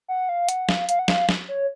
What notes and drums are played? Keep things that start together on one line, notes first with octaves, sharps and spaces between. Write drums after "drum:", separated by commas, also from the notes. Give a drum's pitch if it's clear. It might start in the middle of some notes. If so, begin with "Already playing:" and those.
F#5
F5
F#5, drum: hi-hat
F5, drum: snare
F5, drum: hi-hat
F#5
F5, drum: snare
drum: snare
C#5